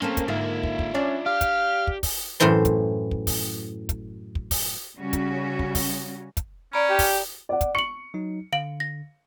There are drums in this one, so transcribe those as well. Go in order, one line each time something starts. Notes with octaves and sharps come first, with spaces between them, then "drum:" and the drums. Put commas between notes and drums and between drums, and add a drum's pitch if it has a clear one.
A3 A#3 C4 C#4 A4
drum: kick, hi-hat
G#2 D3 A#3 F4 E5
drum: kick
drum: kick
C#4 D4 D5
G4 F5
drum: kick, hi-hat
drum: kick
drum: kick, open hi-hat
F#2 A2 E3 C5 C6
drum: kick, hi-hat
drum: kick
drum: kick, open hi-hat
drum: kick, hi-hat
drum: kick
drum: kick, open hi-hat
C#3 G3 C#4 F#4
drum: kick, hi-hat
drum: kick
drum: kick, open hi-hat
drum: kick, hi-hat
C#4 D5 A#5 B5
G4
drum: kick, open hi-hat
D5 F#5
drum: kick, hi-hat
C#6 C#7 F#7
F#3 D#4
D3 F5 D7 F#7
A#6